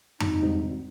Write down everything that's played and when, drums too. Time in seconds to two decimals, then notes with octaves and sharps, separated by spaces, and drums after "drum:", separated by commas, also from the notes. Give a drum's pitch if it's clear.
0.20 G#1 D#4, drum: tom F2
0.42 G#2 D#3 G3 C4
0.62 G#1